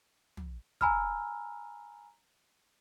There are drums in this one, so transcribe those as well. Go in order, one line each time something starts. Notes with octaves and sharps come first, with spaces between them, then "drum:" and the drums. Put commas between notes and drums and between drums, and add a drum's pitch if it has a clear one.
drum: tom
G#5 A#5 B5 E6 F6, drum: kick